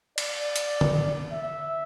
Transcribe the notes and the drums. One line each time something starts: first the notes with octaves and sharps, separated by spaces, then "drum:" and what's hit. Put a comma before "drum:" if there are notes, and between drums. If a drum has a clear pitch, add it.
D5, drum: cymbal
drum: hi-hat
drum: tom D3
E5